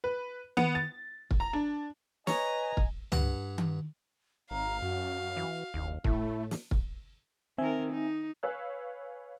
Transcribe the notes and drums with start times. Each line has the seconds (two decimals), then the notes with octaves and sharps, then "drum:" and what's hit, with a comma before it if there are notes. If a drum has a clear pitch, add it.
0.04 B4
0.57 B3, drum: tom D#3
0.75 A6
1.31 drum: kick
1.40 A#5
1.53 D4
2.27 B4 C#5 D#5 G#5 A#5, drum: snare
2.77 drum: kick
3.12 G2 F#5, drum: tom
3.58 drum: tom D#3
4.51 G#1 F5 A#5
4.82 F#2 F#4
5.37 E3
5.74 F#1 D#2
6.04 A2 A3 E4, drum: kick
6.51 drum: snare
6.71 drum: kick
7.58 D#3 C4 A#4 E5 G#5
7.91 D#4
8.43 B4 C#5 F5 G#5 E6 F#6